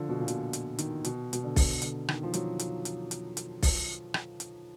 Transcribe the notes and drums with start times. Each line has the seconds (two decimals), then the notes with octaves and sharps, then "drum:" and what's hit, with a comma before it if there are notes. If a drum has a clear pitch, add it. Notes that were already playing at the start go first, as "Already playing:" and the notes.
Already playing: D3 F3
0.09 B2
0.20 A#2
0.28 B2, drum: hi-hat
0.53 drum: hi-hat
0.79 D#3, drum: hi-hat
1.04 B2, drum: hi-hat
1.33 B2, drum: hi-hat
1.43 D3
1.56 drum: kick B1, open hi-hat
1.82 D3, drum: hi-hat
2.08 D#3, drum: rim click
2.23 F3
2.34 F#3, drum: hi-hat
2.59 drum: hi-hat
2.85 drum: hi-hat
3.11 drum: hi-hat
3.37 drum: hi-hat
3.63 drum: kick B1, open hi-hat
4.14 drum: rim click
4.40 drum: hi-hat